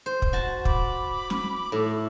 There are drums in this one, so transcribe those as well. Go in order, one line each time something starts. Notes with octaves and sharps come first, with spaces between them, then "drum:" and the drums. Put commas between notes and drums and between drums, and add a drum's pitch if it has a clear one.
C5
drum: kick
F#4 A5
B5 D6, drum: kick
drum: snare
A2